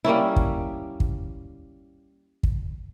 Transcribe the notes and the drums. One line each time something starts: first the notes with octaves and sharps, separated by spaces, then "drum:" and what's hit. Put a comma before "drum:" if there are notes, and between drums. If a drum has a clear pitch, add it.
G3 A#3 C#4 E4
drum: kick
drum: kick
drum: kick